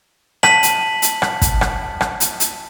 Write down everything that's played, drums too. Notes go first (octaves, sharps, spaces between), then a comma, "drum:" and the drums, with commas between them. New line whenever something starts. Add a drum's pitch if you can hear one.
A5 B6 F#7, drum: rim click
drum: hi-hat
drum: hi-hat
drum: rim click
drum: kick, hi-hat
drum: rim click
drum: rim click
drum: hi-hat
drum: hi-hat